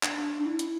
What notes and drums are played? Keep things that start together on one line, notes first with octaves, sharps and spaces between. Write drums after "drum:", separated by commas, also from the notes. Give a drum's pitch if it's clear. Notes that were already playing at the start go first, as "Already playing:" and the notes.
D4, drum: clap
D4
D4
E4
E4, drum: hi-hat